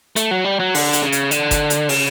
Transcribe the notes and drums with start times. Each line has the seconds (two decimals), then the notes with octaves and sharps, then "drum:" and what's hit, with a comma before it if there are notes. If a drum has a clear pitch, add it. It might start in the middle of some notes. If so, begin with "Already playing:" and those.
0.16 A3, drum: hi-hat
0.31 F#3
0.45 G3
0.60 F#3
0.75 D3, drum: open hi-hat
0.93 drum: hi-hat
1.03 C#3
1.12 drum: hi-hat
1.31 D3, drum: hi-hat
1.51 drum: kick G1, hi-hat
1.70 drum: hi-hat
1.89 C#3, drum: open hi-hat